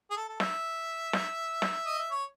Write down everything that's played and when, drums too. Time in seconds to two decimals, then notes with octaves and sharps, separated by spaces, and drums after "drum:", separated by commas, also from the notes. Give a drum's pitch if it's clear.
0.10 G#4
0.16 A4
0.28 A4
0.40 E5, drum: snare
1.13 drum: snare
1.62 drum: snare
1.86 D#5
1.98 E5
2.11 C#5